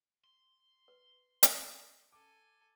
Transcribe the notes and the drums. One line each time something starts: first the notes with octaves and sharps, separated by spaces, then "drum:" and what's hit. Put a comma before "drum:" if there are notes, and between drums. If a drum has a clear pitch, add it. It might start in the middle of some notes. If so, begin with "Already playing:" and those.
C6
B4
drum: hi-hat
A4 G#5 D6